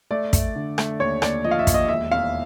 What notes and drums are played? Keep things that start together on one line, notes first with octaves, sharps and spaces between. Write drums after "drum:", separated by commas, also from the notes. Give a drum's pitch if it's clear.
A3 D5
A3, drum: kick, hi-hat
D3
A3, drum: rim click
D#2 C#5
D#2 D5, drum: rim click
F3 D#5
F5
E5
D#2, drum: kick, hi-hat
D#5
E1 E5
E2 F5